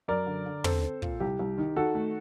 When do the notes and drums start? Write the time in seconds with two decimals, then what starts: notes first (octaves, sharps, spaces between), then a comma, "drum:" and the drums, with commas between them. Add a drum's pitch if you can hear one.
0.08 F#2 A#4 D5
0.26 D3
0.46 D3
0.64 C4 A4 C5, drum: tom
0.83 C4
1.02 A#2, drum: kick
1.20 C2 G4
1.39 C2
1.58 D#3
1.76 D#3 F#4 A4
1.95 A3